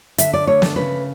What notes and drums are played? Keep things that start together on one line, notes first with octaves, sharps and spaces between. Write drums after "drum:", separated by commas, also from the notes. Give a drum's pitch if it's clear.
D3 E5, drum: hi-hat
D5
A3 C#5
A4, drum: snare
C#3 B4